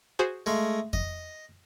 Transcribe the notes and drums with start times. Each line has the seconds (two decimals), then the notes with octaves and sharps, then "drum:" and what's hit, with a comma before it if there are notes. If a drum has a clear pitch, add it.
0.19 F#4 G#4 C5
0.46 G#3 A3 F5
0.93 D#5, drum: kick F2